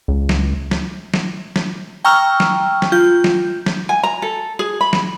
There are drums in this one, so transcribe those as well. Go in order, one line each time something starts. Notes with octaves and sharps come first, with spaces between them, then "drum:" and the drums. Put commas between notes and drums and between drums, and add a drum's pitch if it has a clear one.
C#2
drum: snare
drum: snare
drum: snare
drum: snare
G5 A#5 C#6 E6 F6
drum: snare
drum: snare
F4 G6
drum: snare
drum: snare
G#5
A#5
A4
G#4
B5
drum: snare